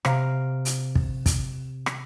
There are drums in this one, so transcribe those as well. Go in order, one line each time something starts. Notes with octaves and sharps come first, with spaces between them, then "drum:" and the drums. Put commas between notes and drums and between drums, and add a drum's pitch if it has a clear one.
C3 F5 A#5 D7, drum: rim click
drum: hi-hat
drum: kick
drum: kick, hi-hat
drum: rim click